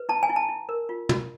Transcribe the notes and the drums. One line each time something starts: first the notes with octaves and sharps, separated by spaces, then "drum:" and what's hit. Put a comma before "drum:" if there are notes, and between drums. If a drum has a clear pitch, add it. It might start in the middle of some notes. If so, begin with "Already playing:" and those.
Already playing: B4
E4 A5
G#5
E4
A5
E4
A#4
F4
F4, drum: tom